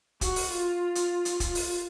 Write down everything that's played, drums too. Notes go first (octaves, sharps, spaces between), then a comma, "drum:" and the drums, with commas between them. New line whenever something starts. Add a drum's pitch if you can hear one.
F#4, drum: kick, hi-hat
drum: open hi-hat
F4
drum: hi-hat
drum: hi-hat
F4, drum: kick, hi-hat
drum: open hi-hat